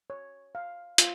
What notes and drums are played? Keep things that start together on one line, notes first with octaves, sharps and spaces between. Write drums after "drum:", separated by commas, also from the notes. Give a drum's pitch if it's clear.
C#5
F5
F4, drum: hi-hat